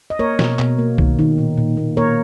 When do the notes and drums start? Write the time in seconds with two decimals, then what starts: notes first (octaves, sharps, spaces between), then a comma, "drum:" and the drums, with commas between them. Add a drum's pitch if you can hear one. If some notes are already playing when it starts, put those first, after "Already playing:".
0.10 D#5
0.19 A#3 A#4 C#5
0.39 B2, drum: snare
0.59 B2, drum: clap
0.79 A#3
0.98 D#3, drum: kick
1.19 D#3
1.38 A#2
1.57 A#2
1.77 A#3
1.97 A#3 A#4 C#5